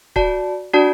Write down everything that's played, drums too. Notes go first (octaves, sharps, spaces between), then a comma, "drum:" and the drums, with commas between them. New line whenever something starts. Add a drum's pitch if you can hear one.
F#4 D5 A5, drum: kick C#1
D4 F#4 D5 A5